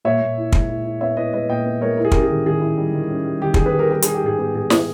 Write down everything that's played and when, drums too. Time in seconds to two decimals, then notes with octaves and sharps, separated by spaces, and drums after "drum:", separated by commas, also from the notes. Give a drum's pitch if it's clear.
0.05 A#2 C#5 E5
0.22 A#2
0.38 E4
0.52 G#3, drum: kick
0.69 E4
0.85 E4
1.01 B3 C#5 E5
1.17 E4 B4 D#5
1.33 G#3 B4 D#5
1.49 A#2 D#5 G5
1.65 B3
1.81 G#3 A#4 C#5
1.97 E4 A#4
2.05 G#4
2.12 G4 A#4, drum: kick
2.14 C#4
2.22 G#4
2.30 D#3
2.46 D#3 G#4
2.61 E4
2.77 G3
2.94 D#3
3.11 C#4
3.26 G3
3.42 D#3 G4
3.54 G#4, drum: kick
3.58 D#3
3.66 G#4 B4
3.75 D#3 G4 A#4
3.90 G3 G4 A#4
4.02 G#4, drum: hi-hat
4.07 D#4
4.14 G4
4.23 G#2 G#4
4.38 B3 G4
4.55 G#2 G#4
4.70 G#4, drum: snare